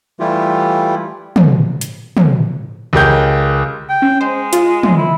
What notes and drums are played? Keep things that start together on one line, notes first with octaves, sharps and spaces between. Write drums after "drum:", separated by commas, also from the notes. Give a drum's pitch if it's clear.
E3 G3 A3 E4 F4 G4
drum: tom
drum: hi-hat
drum: tom
C#2 G4 A#4 G6
G5
C#4
G#3 C5
F4, drum: hi-hat
drum: tom
E4